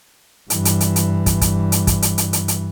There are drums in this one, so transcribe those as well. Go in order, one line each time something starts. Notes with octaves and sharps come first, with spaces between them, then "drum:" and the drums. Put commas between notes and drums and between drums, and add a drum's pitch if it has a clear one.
G2 E3, drum: hi-hat
drum: hi-hat
drum: hi-hat
drum: hi-hat
drum: kick, hi-hat
drum: kick, hi-hat
drum: hi-hat
drum: kick, hi-hat
drum: hi-hat
drum: hi-hat
drum: hi-hat
drum: hi-hat